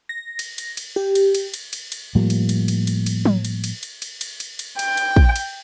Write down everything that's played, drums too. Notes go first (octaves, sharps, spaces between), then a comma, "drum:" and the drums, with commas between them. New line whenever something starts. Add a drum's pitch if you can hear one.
A#6
drum: cymbal
drum: cymbal
drum: cymbal
G4
drum: cymbal
drum: cymbal
drum: cymbal
drum: cymbal
drum: cymbal
A2 F3 G3 A#3
drum: cymbal
drum: cymbal
drum: cymbal
drum: cymbal
drum: cymbal
drum: tom
drum: cymbal
drum: cymbal
drum: cymbal
drum: cymbal
drum: cymbal
drum: cymbal
drum: cymbal
G5, drum: cymbal
drum: cymbal
drum: kick
drum: cymbal